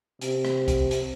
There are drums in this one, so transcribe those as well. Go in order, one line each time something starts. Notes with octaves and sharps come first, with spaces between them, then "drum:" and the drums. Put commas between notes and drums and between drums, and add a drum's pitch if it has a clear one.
C3, drum: hi-hat
drum: rim click
drum: kick, hi-hat
drum: hi-hat